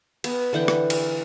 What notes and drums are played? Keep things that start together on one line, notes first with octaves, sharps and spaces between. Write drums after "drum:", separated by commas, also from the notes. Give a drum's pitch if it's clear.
B3, drum: cymbal
D3 E3 F#5 G5
drum: rim click
drum: cymbal